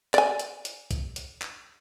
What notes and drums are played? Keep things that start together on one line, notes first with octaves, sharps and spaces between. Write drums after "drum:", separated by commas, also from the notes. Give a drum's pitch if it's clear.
D5 G#5, drum: clap
drum: hi-hat
drum: hi-hat
drum: kick C2, hi-hat
drum: hi-hat
drum: clap